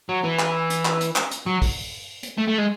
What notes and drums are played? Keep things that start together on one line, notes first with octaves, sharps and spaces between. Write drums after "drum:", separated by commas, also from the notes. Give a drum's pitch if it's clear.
F#3
E3
drum: clap
drum: hi-hat
drum: clap
drum: hi-hat
drum: clap
drum: hi-hat
F#3
drum: kick, open hi-hat
drum: hi-hat
A3
A3
G#3